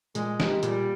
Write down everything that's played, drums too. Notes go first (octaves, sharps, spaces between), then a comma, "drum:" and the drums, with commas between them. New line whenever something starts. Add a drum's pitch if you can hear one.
A#2 G#3, drum: hi-hat
G#3 D#4 G4, drum: snare
A#2 G3, drum: hi-hat